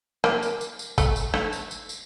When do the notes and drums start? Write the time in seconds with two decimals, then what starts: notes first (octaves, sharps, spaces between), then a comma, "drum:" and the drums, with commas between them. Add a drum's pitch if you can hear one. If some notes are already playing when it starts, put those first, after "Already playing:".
0.24 A#3, drum: rim click
0.43 drum: tambourine
0.61 drum: tambourine
0.79 drum: tambourine
0.98 A3, drum: kick, tambourine
1.16 drum: tambourine
1.34 A3, drum: rim click
1.53 drum: tambourine
1.71 drum: tambourine
1.89 drum: tambourine